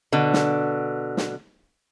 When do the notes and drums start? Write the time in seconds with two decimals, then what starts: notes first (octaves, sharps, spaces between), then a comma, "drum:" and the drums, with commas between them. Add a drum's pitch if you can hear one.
0.12 B2 D3
0.33 drum: snare
1.17 drum: snare